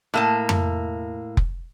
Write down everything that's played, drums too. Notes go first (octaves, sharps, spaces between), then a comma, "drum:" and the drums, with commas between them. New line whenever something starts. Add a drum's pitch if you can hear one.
A2 A#3 A5
drum: tom F2
drum: kick F1